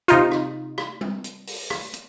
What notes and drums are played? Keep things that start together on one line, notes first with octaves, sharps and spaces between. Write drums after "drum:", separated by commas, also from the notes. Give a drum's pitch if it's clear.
C3 D#4 F4, drum: hi-hat
drum: rim click
drum: rim click
drum: tom G3
drum: hi-hat
drum: open hi-hat
drum: rim click
drum: hi-hat